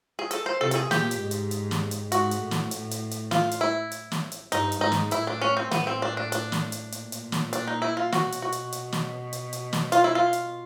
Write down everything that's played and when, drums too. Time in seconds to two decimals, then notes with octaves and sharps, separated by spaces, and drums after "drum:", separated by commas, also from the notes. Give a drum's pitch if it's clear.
0.19 G#4
0.31 A4, drum: hi-hat
0.46 C5
0.61 C3 A4
0.71 A4, drum: hi-hat
0.75 G#4
0.91 A#2 G4, drum: snare
1.11 drum: hi-hat
1.20 G#2
1.31 drum: hi-hat
1.51 drum: hi-hat
1.71 drum: snare
1.91 drum: hi-hat
2.12 G#2 F#4, drum: hi-hat
2.31 drum: hi-hat
2.41 A2
2.51 drum: snare
2.71 A2, drum: hi-hat
2.91 drum: hi-hat
3.11 drum: hi-hat
3.31 F4, drum: snare
3.51 drum: hi-hat
3.61 E4
3.92 drum: hi-hat
4.12 drum: snare
4.32 drum: hi-hat
4.52 G2 D#4, drum: hi-hat
4.72 drum: hi-hat
4.81 G#2 D#4
4.92 drum: snare
5.11 A2 E4, drum: hi-hat
5.27 D4
5.41 C#4
5.57 C4
5.71 A2 B3, drum: snare
5.87 C4
6.02 D4
6.17 D4
6.32 D4, drum: hi-hat
6.52 drum: snare
6.72 drum: hi-hat
6.92 A#2, drum: hi-hat
7.12 drum: hi-hat
7.32 drum: snare
7.53 D4, drum: hi-hat
7.67 D#4
7.82 E4
7.97 F4
8.12 B2 F#4, drum: snare
8.32 drum: hi-hat
8.42 F#4
8.52 drum: hi-hat
8.72 drum: hi-hat
8.92 drum: snare
9.33 drum: hi-hat
9.53 drum: hi-hat
9.73 drum: snare
9.92 F4, drum: hi-hat
10.04 E4
10.15 F4
10.33 drum: hi-hat